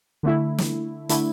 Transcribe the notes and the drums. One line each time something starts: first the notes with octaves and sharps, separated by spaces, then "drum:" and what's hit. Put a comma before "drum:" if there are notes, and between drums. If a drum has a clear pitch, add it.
D3 A3 E4
drum: snare
D3 A3 E4, drum: hi-hat